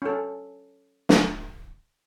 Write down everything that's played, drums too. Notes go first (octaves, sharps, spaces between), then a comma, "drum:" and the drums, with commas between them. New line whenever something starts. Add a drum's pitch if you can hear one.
C#4 A4
drum: snare